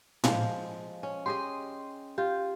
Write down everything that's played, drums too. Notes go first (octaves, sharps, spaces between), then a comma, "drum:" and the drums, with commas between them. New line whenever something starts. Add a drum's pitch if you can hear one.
F3 G#3, drum: tom A2
C#4
G4 G#4 D#5 C6
F4 G4